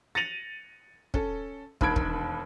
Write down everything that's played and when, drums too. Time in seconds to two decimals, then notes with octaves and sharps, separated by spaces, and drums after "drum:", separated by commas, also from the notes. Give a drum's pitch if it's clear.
0.15 A6 A#6 C#7 D#7 F7 F#7
1.14 C#4 A4, drum: kick
1.81 E1 D#2 D#3 B5 G#6 D7, drum: kick
1.96 drum: kick